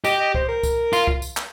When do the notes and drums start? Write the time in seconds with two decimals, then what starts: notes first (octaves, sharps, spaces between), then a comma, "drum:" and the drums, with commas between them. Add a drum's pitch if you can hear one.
0.04 G4 D#5, drum: tambourine
0.20 D#5
0.35 C5, drum: kick
0.48 A#4
0.63 drum: kick, tambourine
0.93 F4, drum: tambourine
1.07 drum: kick
1.22 drum: tambourine
1.37 drum: clap